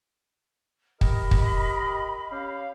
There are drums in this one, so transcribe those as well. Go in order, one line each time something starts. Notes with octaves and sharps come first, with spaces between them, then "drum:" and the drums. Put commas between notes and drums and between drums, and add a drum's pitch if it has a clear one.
G4 A#4 D#5 B5, drum: kick
drum: kick
C#4 G4 F5